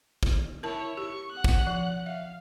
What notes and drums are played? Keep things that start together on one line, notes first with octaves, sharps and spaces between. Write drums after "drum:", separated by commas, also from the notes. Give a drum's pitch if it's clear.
drum: kick
E4 A#4 C#5 A5
G4 C#6
F#5 F#6
drum: kick
F3
E5 F5